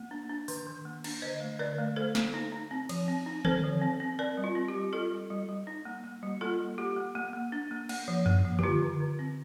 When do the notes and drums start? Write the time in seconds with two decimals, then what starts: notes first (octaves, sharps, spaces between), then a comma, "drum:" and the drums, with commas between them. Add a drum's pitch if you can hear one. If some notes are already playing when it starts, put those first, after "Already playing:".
Already playing: A#3
0.11 D4
0.30 D4
0.48 D#3, drum: open hi-hat
0.67 D#3
0.85 A#3
1.04 D4, drum: cymbal
1.22 D3 C5 D#5
1.41 A3
1.59 D3 A#4 D5
1.78 A3
1.96 A3 A4 C5
2.15 A3, drum: snare
2.34 D#4
2.52 D#4
2.71 C4
2.89 F3, drum: cymbal
3.08 C4
3.26 D#4
3.45 C4 A4 C5, drum: tom D3
3.64 F3
3.81 C4
4.00 C4
4.19 C4 A#4 D5
4.37 G3
4.44 F4
4.55 C4
4.68 G4
4.75 G3
4.93 G3 F4 A4
5.12 G3
5.30 G3
5.48 G3
5.67 D#4
5.85 A#3
6.04 A#3
6.23 G3
6.41 A#3 F4 A4
6.60 G3
6.78 A#3 G4
6.96 A#3
7.15 A#3
7.33 A#3
7.52 D4
7.71 A#3
7.89 A#3, drum: cymbal
8.08 F3
8.26 A#3, drum: tom F#2
8.45 F3
8.59 G4, drum: tom D3
8.63 D3 F4
8.82 D3
9.00 D3
9.19 C4